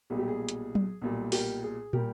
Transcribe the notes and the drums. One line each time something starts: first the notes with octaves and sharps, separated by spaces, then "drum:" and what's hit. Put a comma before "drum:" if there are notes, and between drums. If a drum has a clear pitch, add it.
B1 A#2 G3 G#4
G4
G#4
drum: hi-hat
drum: tom F#3
B1 A#2 G3
G4 A#4, drum: open hi-hat
G#4
A#2 G3 G4 A#4, drum: tom